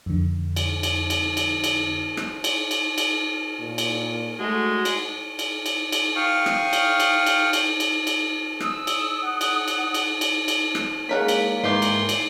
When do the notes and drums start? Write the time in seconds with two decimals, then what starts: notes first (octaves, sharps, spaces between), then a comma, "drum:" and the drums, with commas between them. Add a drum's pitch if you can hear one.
0.06 F2 D3
0.56 drum: cymbal
0.83 drum: cymbal
1.10 drum: cymbal
1.37 drum: cymbal
1.64 drum: cymbal
2.17 drum: rim click
2.44 drum: cymbal
2.71 drum: cymbal
2.98 drum: cymbal
3.59 A#2
3.78 drum: cymbal
4.40 G#3 A3 F#4
4.85 drum: cymbal
5.39 drum: cymbal
5.66 drum: cymbal
5.92 drum: cymbal
6.16 F5 G5 C#6 D#6 F6
6.46 drum: rim click
6.73 drum: cymbal
7.00 drum: cymbal
7.26 drum: cymbal
7.53 drum: cymbal
7.80 drum: cymbal
8.07 drum: cymbal
8.60 D#6 E6, drum: rim click
8.87 drum: cymbal
9.22 F#5
9.41 drum: cymbal
9.68 drum: cymbal
9.94 drum: cymbal
10.21 drum: cymbal
10.48 drum: cymbal
10.75 drum: rim click
11.09 G#3 A#3 C#4 A#4 F#5 B6
11.28 drum: cymbal
11.64 G#2 D#3 E3 G4 C6
11.82 drum: cymbal
12.09 drum: cymbal